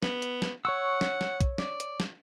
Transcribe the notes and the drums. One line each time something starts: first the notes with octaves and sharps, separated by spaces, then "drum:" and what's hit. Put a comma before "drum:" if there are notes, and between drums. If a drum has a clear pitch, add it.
B3, drum: snare
drum: hi-hat
drum: snare
C#5 F#5 C#6 E6
drum: snare
drum: snare
drum: kick, hi-hat
D5, drum: snare
drum: hi-hat
drum: snare